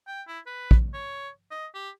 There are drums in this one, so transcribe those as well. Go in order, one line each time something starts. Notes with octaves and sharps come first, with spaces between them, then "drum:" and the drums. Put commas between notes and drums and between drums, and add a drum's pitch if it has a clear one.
G5
E4
B4
drum: kick
C#5
D#5
G4